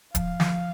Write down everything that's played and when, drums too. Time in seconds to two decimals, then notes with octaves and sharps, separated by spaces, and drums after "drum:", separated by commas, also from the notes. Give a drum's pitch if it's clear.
0.15 F3 F5, drum: kick D1, hi-hat
0.40 F3, drum: snare